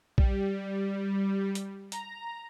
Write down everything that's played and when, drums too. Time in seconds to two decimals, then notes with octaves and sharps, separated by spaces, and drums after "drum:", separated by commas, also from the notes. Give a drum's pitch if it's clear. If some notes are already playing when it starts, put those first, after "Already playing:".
0.18 G3, drum: kick A#1
1.55 drum: hi-hat
1.92 A#5, drum: hi-hat